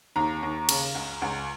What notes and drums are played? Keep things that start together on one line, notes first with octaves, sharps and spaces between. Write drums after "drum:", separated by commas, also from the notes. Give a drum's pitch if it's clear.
D#2 A#5
D#2
C#3, drum: cymbal
C#2
C#2